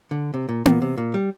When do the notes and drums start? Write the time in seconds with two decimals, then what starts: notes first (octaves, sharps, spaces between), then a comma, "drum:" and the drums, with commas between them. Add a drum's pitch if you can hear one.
0.11 D3
0.34 C3
0.49 A#2
0.66 A#2, drum: tom B3
0.82 C3
0.98 A#2
1.14 G3